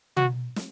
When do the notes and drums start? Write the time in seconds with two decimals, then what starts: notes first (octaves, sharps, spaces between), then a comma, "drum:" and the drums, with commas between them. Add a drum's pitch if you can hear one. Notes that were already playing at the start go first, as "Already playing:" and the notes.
0.17 F#4, drum: tom
0.56 drum: snare